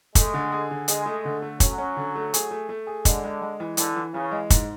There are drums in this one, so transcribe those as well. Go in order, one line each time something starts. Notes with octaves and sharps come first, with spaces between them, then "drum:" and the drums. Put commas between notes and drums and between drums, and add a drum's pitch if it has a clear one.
G#3 A3, drum: kick, hi-hat
D3
G#4
D3
G#3 G#4, drum: hi-hat
A3
D3
A3
F#3 C#4, drum: kick, hi-hat
C#4
D3
A3
G#4, drum: hi-hat
A3
A3
G#4
D3 G#3, drum: kick, hi-hat
G#3
G#3
E3
D3 E3, drum: hi-hat
E3
C#3 E3
G#3
G#2, drum: kick, hi-hat